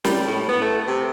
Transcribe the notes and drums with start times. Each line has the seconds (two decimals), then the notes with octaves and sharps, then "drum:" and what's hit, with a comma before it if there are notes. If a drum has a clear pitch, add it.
0.04 G3, drum: snare
0.27 A2
0.49 B3
0.61 A3
0.87 C3